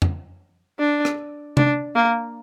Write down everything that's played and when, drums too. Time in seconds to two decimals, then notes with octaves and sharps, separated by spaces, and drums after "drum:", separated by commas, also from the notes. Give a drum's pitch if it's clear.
0.02 drum: tom F2
0.79 D4
1.05 drum: rim click
1.57 D4, drum: tom C3
1.95 A#3